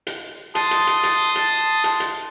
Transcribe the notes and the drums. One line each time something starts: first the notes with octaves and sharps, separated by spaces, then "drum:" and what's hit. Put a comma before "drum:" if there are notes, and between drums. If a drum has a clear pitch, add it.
drum: hi-hat
A5 C6 D#6, drum: hi-hat
drum: hi-hat
drum: hi-hat
drum: hi-hat
drum: hi-hat
drum: hi-hat
drum: hi-hat